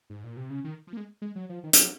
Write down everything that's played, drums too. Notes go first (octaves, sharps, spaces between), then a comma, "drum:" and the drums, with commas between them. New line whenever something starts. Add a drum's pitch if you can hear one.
G#2
A#2
C3
C#3
D#3
F3
A#3
G#3
G#3
F#3
F3
D#3
F3, drum: hi-hat
F#3